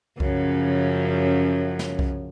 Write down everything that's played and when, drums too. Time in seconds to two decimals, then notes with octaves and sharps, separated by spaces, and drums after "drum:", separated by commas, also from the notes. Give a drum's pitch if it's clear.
0.20 F#2 C#3 F3, drum: kick B1
1.79 drum: snare
1.99 drum: kick B1